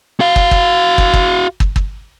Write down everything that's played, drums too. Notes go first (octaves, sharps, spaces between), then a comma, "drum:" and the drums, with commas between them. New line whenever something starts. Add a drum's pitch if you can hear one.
F#4 F5
drum: kick
drum: kick
drum: kick
drum: kick
drum: kick
drum: kick